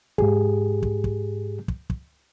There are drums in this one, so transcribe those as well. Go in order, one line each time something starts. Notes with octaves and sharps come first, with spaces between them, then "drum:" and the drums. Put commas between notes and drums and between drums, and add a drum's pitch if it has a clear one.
G#2 G4 G#4, drum: kick
drum: kick
drum: kick
drum: kick
drum: kick